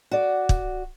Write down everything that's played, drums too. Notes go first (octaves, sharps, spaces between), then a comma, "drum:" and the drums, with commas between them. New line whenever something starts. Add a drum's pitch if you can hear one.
F#4 D5
drum: kick